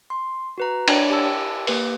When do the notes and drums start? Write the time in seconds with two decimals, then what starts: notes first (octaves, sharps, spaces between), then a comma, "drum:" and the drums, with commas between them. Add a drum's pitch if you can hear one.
0.10 C6
0.58 F#4 B4 A#5
0.88 D4 C#5 D5 G#5 A5, drum: cymbal
1.10 G4 G#5 A5 E6
1.67 A#3 G4 B4, drum: open hi-hat